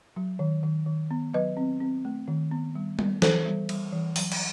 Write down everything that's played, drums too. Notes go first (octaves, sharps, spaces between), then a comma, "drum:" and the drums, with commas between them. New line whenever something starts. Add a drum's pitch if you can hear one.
F#3
D#3
D#3
D#3
B3
F#3 B4 D#5
C4
C4
A3
D#3
B3
G3
B3, drum: tom G3
E3 A4 C5, drum: snare
G3
G3, drum: cymbal
E3
F#3, drum: open hi-hat
drum: cymbal